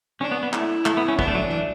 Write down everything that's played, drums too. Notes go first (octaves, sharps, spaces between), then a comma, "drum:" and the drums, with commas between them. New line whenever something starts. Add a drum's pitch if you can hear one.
C#4 D4
B3
B3
A3 E4, drum: clap
A3, drum: clap
B3
C#4
B3 D4, drum: kick
A3
F#3
E3